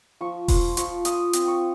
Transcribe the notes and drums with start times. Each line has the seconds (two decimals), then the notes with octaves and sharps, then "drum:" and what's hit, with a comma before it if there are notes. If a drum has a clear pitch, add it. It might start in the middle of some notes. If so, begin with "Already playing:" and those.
0.21 F3 C#6
0.48 F3 C6, drum: kick E1, open hi-hat
0.77 F3 C#6, drum: hi-hat
1.05 F4 D#6, drum: hi-hat
1.33 C4, drum: hi-hat
1.47 C#6